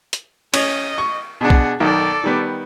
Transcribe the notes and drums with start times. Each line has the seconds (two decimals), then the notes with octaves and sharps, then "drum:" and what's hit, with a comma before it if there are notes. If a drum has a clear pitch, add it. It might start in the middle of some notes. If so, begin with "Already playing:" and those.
0.13 drum: hi-hat
0.54 C#4 D#5, drum: cymbal
0.98 C#6
1.41 B2 D4 G#4 F#5
1.50 drum: kick B1
1.80 B1 D#3 A4 D5
2.24 D#3 G3 B3